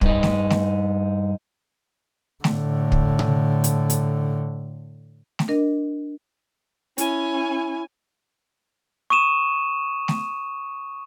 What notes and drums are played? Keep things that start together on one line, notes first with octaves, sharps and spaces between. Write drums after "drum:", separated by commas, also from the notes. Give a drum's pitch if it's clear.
G2 D#4, drum: kick
drum: snare A3
drum: snare A3
A2 D3, drum: snare A3
drum: kick
drum: tom C3
drum: hi-hat
drum: hi-hat
drum: snare A3
D4 A#4 D#5
C#4 E4 G#5, drum: hi-hat
C#6 D#6 D#7 E7
drum: snare A3